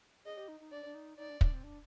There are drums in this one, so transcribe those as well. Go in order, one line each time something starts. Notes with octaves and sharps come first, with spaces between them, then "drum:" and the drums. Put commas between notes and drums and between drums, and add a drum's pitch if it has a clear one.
G#4 D#5
G4
D#4
D#4
D4 D5
D4
D#4
D#4 D5
D4
D4, drum: kick
C4
D4